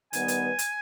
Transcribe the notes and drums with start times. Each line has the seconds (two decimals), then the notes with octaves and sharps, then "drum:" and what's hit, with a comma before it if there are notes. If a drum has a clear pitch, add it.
0.13 D#3 G3 B3 G#5, drum: hi-hat
0.28 drum: hi-hat
0.59 drum: hi-hat